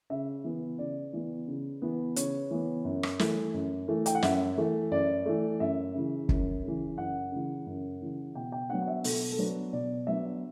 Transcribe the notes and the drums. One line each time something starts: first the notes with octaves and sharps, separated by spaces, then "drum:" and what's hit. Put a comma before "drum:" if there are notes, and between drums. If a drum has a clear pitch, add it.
C#3 E5
E3 B3
C#3 D5
E3 B3
C#3
E3 B3
C#3 C#5, drum: hi-hat
E3 B3
F#2
drum: rim click
E3 A3, drum: snare
F#2
E3 A3
G5, drum: hi-hat
F#5
F#2 E5, drum: snare
E3 A3
F#2 D5
E3 A3
F#2 E5
C#3 E3
F#2, drum: kick
C#3 E3
F#2 F#5
C#3 E3
F#2
C#3 E3
B2 G5
G5
F#3 B3 D4 F#5
F#5
E5
B2 A4, drum: open hi-hat
A4
F#3 B3 D4 B4
B2 D5
F#3 B3 D4 E5